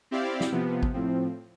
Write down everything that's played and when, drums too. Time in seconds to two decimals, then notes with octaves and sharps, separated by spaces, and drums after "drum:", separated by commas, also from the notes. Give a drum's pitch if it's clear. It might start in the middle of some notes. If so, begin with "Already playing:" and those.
0.11 C4 E4 G4 D5 F5
0.41 drum: snare
0.52 C3 F3 B3
0.83 drum: kick G#1
0.94 A2 F3 C4